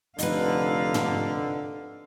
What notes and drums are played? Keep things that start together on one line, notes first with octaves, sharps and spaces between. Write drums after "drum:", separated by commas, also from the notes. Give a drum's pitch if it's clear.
F1 D3 D#4 B4 F5, drum: hi-hat
drum: tom